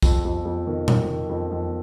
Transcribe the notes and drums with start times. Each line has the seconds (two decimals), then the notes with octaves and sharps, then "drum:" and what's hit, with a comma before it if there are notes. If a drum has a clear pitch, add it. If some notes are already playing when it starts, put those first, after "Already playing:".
0.02 F2, drum: kick B1, tambourine
0.25 F2
0.45 F2
0.67 D#3
0.88 D#3, drum: tom A#2
1.09 D#3
1.29 F2
1.51 F2